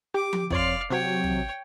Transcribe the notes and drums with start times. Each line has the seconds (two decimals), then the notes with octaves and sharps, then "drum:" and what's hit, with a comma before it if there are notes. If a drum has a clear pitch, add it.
0.14 G4 D6
0.33 drum: tom F3
0.51 F2 C#5 D5 F5 C6, drum: kick
0.90 C3 F#3 C#5 G5
1.24 drum: tom